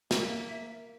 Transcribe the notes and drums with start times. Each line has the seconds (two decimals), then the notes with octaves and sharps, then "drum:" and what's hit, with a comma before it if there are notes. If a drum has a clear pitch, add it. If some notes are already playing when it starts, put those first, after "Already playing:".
0.11 A#3 E5, drum: snare